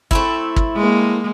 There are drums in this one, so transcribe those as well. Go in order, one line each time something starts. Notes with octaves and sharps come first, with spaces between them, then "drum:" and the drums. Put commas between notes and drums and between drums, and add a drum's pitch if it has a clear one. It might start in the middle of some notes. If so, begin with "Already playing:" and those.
A3 C4 E4, drum: kick
drum: kick
G#3 A#3